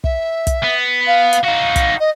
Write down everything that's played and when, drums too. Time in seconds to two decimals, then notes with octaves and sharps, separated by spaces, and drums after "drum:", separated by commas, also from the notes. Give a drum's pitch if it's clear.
0.04 E5, drum: kick
0.47 drum: kick, hi-hat
0.63 B3
1.07 F5
1.33 drum: hi-hat
1.44 D#4 F#4 F5
1.76 drum: kick, hi-hat
2.00 D#5